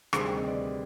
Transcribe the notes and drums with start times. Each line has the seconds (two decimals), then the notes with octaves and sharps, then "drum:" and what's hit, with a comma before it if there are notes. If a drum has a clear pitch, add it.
0.13 D2 C3 D#3 G3 C4 G#4 C5, drum: rim click
0.36 D#5
0.46 B4 D5